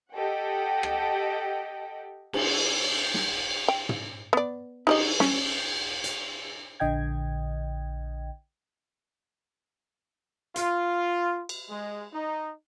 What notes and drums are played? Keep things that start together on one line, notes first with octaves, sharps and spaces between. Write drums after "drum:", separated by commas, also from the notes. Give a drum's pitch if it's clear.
G4 A4 D#5 F#5 G5
drum: rim click
drum: cymbal
drum: snare
G5
drum: tom
B3 D5
D#4 G4 D#5, drum: cymbal
C#4, drum: snare
drum: hi-hat
A#1 D3 D#5 G5 G#6
F4, drum: hi-hat
drum: cymbal
G#3
D#4